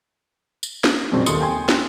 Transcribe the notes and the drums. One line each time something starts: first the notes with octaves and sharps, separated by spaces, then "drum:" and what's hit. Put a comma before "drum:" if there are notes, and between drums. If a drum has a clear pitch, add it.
drum: tambourine
drum: snare
F2 A#2 C#3 F#3 C4
D#2 A4 C6 D#6 C#7, drum: tambourine
G5 G#5 C6
drum: snare